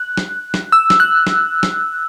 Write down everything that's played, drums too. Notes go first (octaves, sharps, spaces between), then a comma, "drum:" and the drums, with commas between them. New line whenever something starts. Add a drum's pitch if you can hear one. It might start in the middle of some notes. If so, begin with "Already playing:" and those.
Already playing: F#6
drum: snare
drum: snare
E6
drum: snare
F#6
drum: snare
drum: snare